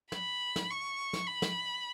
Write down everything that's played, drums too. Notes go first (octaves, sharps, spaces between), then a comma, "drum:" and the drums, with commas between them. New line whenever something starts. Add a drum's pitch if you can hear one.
B5, drum: snare
drum: snare
C#6
drum: snare
B5
drum: snare